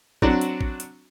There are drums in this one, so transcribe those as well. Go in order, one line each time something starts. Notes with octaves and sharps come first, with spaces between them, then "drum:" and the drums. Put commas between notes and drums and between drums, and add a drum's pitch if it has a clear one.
F#3 C4 D4 F#4, drum: kick A1
drum: hi-hat
drum: kick A1
drum: hi-hat